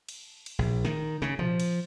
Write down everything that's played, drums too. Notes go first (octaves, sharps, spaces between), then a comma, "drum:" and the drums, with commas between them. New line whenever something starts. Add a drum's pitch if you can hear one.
drum: cymbal
drum: cymbal
A#1
D#3, drum: snare
C#3, drum: snare
F3, drum: tom A#2
drum: cymbal